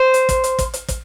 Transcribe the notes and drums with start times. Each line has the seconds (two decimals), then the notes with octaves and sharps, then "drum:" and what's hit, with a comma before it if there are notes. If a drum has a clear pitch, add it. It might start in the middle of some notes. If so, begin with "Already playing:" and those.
Already playing: C5
0.14 drum: hi-hat
0.29 drum: kick, hi-hat
0.44 drum: hi-hat
0.59 drum: kick, hi-hat
0.74 drum: hi-hat
0.88 drum: kick, hi-hat